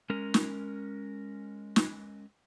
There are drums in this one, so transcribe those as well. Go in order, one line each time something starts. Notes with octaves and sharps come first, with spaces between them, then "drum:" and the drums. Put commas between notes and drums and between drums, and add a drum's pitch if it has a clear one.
G#3 C#4 A#4
drum: snare
drum: snare